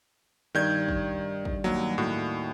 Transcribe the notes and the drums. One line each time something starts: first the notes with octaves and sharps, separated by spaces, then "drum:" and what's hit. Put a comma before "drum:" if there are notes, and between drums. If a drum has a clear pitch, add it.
G2 D#3 G6 G#6
drum: kick
drum: kick
D#2 D#3 F#3
A2 F#4